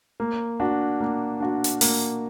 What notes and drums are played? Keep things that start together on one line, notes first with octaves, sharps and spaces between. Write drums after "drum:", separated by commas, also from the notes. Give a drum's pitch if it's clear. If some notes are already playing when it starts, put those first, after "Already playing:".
A#3
D4 F#4
A#3
D4 F#4
drum: hi-hat
A#3, drum: open hi-hat